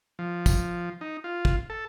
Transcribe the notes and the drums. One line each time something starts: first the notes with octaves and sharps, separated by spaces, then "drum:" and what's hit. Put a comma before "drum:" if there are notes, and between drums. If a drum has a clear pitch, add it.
F3
drum: kick, tambourine
D#4
F4
drum: kick
A4